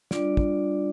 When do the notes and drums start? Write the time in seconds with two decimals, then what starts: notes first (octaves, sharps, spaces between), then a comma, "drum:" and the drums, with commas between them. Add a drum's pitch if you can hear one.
0.11 G3 D4 F4 D5, drum: snare
0.37 drum: kick